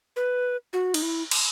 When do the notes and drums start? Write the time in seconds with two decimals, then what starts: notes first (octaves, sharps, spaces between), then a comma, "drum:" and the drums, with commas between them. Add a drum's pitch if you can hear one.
0.16 B4
0.73 F#4
0.94 D#4, drum: cymbal
1.02 E4
1.31 drum: cymbal